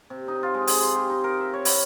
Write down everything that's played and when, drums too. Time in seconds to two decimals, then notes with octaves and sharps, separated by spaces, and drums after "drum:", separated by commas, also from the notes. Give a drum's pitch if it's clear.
0.10 C3
0.28 D#4
0.43 F4
0.54 G#3
0.67 G#4, drum: open hi-hat
0.83 C6
0.95 G4
1.10 D#4
1.24 A#4
1.40 E5
1.53 C#5
1.65 E4, drum: open hi-hat